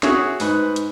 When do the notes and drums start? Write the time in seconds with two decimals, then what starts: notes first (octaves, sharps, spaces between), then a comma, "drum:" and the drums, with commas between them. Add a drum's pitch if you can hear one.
0.03 F#4 G#4 C#5 E5, drum: snare
0.40 G#2 B4, drum: open hi-hat
0.76 drum: hi-hat